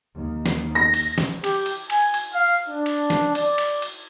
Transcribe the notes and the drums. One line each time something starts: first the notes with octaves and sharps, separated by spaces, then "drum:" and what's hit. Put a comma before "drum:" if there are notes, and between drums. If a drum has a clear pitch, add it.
D#2 D#3
drum: snare
A#6
drum: cymbal
drum: snare
G4, drum: cymbal
drum: cymbal
G#5, drum: cymbal
drum: cymbal
F5
D4
drum: cymbal
drum: snare
D5, drum: cymbal
drum: cymbal
drum: cymbal